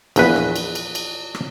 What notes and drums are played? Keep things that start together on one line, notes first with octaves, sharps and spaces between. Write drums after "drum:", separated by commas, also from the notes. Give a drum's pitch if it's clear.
A#1 E2 B4, drum: cymbal
drum: rim click
drum: cymbal
drum: cymbal
drum: cymbal
drum: rim click